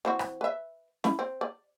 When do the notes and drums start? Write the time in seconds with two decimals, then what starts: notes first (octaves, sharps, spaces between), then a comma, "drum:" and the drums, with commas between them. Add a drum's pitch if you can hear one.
0.05 E3 C4 F#4
0.19 drum: rim click
0.41 B4 E5
1.04 E4 B5, drum: snare
1.19 C4
1.41 D5